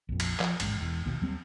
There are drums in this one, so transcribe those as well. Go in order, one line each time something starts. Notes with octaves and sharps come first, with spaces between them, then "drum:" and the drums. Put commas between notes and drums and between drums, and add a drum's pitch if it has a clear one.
A#1 F2
drum: cymbal
F3, drum: clap
D1 A1 G#2, drum: cymbal
E1 E2
A#1 D#2 B2
D#2 F#3 G3 C4